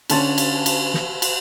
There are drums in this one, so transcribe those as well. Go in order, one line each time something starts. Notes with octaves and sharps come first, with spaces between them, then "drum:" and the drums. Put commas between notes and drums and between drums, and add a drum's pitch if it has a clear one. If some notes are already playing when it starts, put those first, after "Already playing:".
D3 C#4 A5 C6 A6, drum: cymbal
drum: cymbal
drum: cymbal
drum: snare
drum: cymbal